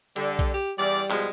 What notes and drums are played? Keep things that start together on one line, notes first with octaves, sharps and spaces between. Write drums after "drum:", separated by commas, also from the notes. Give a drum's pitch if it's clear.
D3 G3, drum: hi-hat
drum: kick B1, hi-hat
G4
E2 G3 D5
B2 F3 G#3, drum: clap